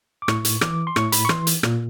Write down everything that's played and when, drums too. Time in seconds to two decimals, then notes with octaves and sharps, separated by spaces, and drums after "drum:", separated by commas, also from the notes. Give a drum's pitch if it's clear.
0.22 D6
0.28 A2 C#6, drum: rim click
0.45 drum: hi-hat
0.61 E3 D6, drum: rim click
0.87 C6
0.96 A2 C#6, drum: rim click
1.12 B5, drum: hi-hat
1.25 C#6
1.29 E3 C6, drum: rim click
1.47 drum: hi-hat
1.63 A#2, drum: rim click